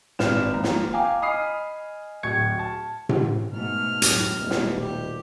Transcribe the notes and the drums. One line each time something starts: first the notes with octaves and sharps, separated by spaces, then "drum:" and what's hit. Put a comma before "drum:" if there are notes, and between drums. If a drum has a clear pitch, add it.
G#1 D4 B4 F6 E7, drum: snare
D#2 F3 A#5
drum: snare
F5 G5 G#5 A#5 D6
D#5 G#5 B5 D#6 F6 C7
D1 C#6 G#6 C#7
A5
drum: tom A2
G#2 B2 A3 F6
F#2 A2, drum: hi-hat
D#1 B2 A3
drum: snare
G4